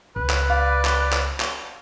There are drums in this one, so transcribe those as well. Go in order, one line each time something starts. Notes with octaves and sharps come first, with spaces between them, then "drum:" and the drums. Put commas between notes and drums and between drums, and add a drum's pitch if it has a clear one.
C#2 B4
drum: clap
D5 F5
drum: clap
drum: clap
drum: clap